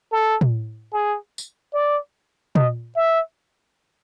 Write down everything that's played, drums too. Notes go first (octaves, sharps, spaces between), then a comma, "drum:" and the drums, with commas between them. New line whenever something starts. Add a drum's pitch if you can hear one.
A4
drum: tom
G#4
drum: tambourine
D5
D#5, drum: tom
E5